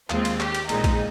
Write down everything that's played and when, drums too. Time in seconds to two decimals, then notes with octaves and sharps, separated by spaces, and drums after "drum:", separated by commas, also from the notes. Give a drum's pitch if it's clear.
0.10 D#2 D#3 G#3 C4 F4, drum: clap
0.25 drum: cymbal
0.40 G4, drum: clap
0.55 drum: cymbal
0.69 A#1 A#2 G#3 C4 D#4, drum: cymbal
0.84 drum: kick, cymbal